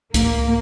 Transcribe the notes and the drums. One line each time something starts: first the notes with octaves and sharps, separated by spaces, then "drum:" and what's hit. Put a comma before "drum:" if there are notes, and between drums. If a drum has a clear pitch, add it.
A#3, drum: kick C#2, hi-hat